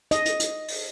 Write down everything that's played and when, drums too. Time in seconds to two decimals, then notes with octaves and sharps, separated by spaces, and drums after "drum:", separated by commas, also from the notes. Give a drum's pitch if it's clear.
0.11 D#5, drum: hi-hat
0.25 drum: hi-hat
0.40 drum: hi-hat
0.68 drum: open hi-hat